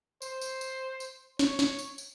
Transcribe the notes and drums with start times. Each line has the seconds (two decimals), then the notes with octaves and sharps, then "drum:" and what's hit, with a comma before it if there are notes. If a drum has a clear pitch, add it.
0.22 C5, drum: tambourine
0.41 drum: tambourine
0.61 drum: tambourine
1.00 drum: tambourine
1.39 C#5, drum: snare
1.59 drum: snare
1.79 drum: tambourine
1.98 drum: tambourine